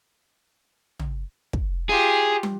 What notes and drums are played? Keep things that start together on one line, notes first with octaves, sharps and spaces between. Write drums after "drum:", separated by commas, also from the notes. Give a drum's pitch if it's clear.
drum: tom
drum: kick
F4 G4 G#4
drum: tom